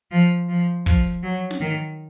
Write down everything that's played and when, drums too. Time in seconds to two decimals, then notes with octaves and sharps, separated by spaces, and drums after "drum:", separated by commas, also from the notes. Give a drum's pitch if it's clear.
0.11 F3
0.49 F3
0.86 F3, drum: kick
1.23 F#3
1.51 drum: snare
1.60 D#3